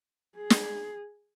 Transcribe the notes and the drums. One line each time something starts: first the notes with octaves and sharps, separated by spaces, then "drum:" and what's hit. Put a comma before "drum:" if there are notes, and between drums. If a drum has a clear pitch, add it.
G#4
drum: snare